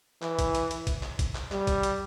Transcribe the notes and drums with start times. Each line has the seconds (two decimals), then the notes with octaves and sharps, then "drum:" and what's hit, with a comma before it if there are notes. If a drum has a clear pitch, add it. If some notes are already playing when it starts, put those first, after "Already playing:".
0.22 E3, drum: clap
0.39 drum: kick, hi-hat
0.55 drum: hi-hat
0.71 drum: hi-hat
0.87 drum: kick, hi-hat
1.03 drum: clap
1.19 drum: kick, hi-hat
1.35 drum: clap
1.52 G3, drum: clap
1.67 drum: kick, hi-hat
1.83 drum: hi-hat